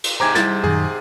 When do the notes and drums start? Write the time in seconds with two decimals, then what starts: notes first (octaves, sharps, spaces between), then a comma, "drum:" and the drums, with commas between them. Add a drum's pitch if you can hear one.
0.04 drum: cymbal
0.20 G#2 C3 C5 G#5 A#5 D6 G#6
0.35 G3 E4 A6, drum: snare
0.64 F#2 A#2 D#3 G#4